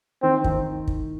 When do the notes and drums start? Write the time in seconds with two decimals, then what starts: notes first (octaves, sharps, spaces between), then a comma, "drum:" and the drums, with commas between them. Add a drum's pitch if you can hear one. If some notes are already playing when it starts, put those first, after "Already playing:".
0.22 D#3 C4
0.44 D#3, drum: kick
0.87 drum: kick